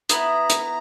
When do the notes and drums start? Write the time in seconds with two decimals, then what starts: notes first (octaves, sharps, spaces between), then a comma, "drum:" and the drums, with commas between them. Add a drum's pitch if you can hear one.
0.09 B3 E4 B4 A#5, drum: hi-hat
0.50 drum: hi-hat